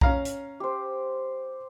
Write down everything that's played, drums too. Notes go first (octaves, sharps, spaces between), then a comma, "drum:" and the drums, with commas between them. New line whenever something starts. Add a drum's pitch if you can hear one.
C#4 F5 A#5, drum: kick B1
drum: hi-hat
G4 C5